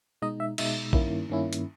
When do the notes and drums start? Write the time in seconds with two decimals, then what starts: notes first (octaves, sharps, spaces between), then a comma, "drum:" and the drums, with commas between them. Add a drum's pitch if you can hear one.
0.22 B2 G#3 D#4 D#5
0.40 E5
0.58 B2 G#3 D#4 E5, drum: cymbal
0.93 G2 D#3 A#3 C#4 E4, drum: kick A#1
1.29 G2 D#3 A#3 C#4 E4
1.53 drum: hi-hat